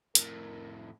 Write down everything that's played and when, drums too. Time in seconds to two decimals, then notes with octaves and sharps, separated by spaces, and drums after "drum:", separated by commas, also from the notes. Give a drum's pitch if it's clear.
0.15 F2 A2 A#4, drum: hi-hat